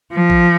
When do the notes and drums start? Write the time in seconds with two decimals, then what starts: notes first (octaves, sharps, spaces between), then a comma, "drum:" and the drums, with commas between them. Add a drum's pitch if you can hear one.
0.13 F3
0.30 drum: kick A1